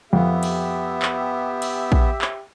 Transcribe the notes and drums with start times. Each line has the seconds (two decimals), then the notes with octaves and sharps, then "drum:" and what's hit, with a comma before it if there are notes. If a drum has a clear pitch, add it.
0.13 F2 B3 G4 E5
0.43 drum: cymbal
1.02 drum: clap
1.62 drum: cymbal
1.92 drum: kick
2.22 drum: clap